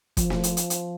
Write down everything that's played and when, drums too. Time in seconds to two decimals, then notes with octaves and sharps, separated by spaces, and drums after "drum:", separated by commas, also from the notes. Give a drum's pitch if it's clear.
0.17 F3, drum: kick, hi-hat
0.30 drum: snare
0.43 drum: hi-hat
0.57 drum: hi-hat
0.70 drum: hi-hat